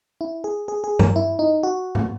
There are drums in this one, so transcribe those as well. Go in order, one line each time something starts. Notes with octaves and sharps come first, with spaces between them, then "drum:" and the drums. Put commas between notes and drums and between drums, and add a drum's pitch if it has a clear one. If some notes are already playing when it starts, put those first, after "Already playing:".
E4
G#4
G#4
G#4
A#4, drum: tom G2
E4
D#4
F#4
drum: tom G#2